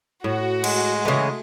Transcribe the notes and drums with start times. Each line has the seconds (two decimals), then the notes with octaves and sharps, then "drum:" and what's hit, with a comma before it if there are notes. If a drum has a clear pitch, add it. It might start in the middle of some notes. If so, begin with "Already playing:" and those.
0.24 A2 F#4
0.64 G#3, drum: cymbal
1.05 C#3 E3 A3 G#4